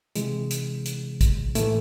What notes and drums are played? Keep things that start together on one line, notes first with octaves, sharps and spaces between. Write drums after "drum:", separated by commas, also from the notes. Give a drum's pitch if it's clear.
C3 E3 G#3, drum: hi-hat
drum: hi-hat
drum: hi-hat
drum: kick, hi-hat
A2 E3 A3, drum: hi-hat